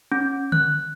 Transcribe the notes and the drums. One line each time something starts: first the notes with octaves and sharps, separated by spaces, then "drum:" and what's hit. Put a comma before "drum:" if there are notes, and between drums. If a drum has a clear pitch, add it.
C#4
F#6, drum: tom D3